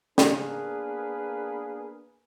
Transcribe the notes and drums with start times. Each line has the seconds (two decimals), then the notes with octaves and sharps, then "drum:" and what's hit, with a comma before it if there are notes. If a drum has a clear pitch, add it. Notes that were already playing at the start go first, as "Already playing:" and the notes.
0.18 A#3 B3 D4 G#4 A#4 B4, drum: snare